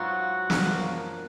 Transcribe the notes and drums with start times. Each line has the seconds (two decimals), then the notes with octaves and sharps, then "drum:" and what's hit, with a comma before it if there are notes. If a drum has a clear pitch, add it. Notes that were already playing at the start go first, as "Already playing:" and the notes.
Already playing: G#2 F#3 B3 F4 F#4
0.50 F#2 F3 A#3 D4, drum: snare